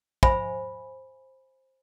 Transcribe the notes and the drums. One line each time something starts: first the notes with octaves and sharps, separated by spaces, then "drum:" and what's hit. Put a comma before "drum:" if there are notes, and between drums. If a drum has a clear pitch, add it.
C5 E5 G#5 B5, drum: kick